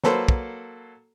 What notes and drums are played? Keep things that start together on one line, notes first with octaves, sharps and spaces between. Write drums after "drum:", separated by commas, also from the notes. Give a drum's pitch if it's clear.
F#3 A#3 A4 B4 C5, drum: snare
drum: kick